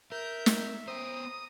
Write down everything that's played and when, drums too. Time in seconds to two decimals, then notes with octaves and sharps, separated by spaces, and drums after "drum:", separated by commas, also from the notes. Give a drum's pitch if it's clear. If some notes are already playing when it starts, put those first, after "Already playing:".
0.12 A#4 E5 G6
0.46 drum: snare
0.88 B3 C5 A#5 D#6